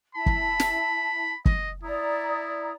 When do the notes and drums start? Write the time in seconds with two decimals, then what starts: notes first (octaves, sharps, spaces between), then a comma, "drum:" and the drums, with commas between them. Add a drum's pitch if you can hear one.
0.15 E4 A5 B5
0.26 drum: kick
0.60 drum: snare
1.45 D#5, drum: kick
1.83 E4 D5 A#5 D#6